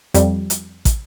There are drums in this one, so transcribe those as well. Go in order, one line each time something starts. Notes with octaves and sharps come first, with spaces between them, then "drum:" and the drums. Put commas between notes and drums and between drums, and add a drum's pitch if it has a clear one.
F2 G3, drum: hi-hat
drum: hi-hat
drum: kick, hi-hat